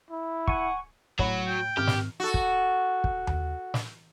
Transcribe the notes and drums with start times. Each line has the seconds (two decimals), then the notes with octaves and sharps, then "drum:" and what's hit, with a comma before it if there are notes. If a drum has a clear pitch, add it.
0.10 E4
0.48 F#5 G#5 C#6, drum: kick
1.19 A2 F#3 F#4 C#5 B5, drum: kick
1.47 G5
1.77 G#1 G4 F6
1.87 drum: snare
2.20 F#4 A4
2.34 drum: kick
3.04 drum: kick
3.27 drum: tom D#2
3.74 drum: snare